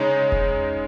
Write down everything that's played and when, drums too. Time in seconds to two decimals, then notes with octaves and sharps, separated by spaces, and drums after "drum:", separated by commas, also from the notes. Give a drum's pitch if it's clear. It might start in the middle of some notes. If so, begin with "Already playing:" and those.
Already playing: C#3 G#3 D#4 C#5
0.32 drum: kick E1